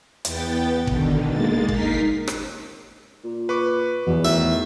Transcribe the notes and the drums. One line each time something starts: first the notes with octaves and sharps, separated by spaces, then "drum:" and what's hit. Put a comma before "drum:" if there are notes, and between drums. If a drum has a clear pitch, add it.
E2 B3 G5 A6, drum: hi-hat
B2 D3 D#3, drum: kick
G#3 A#3 A6
D#4 A#4 B6 C7, drum: kick
drum: rim click
A#2
B4 C#6 D6
E2 B2
A2 D#3 E5